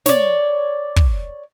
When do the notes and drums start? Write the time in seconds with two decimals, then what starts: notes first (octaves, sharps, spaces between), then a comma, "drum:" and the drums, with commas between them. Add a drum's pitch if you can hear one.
0.06 C#5 D5, drum: snare
0.96 drum: kick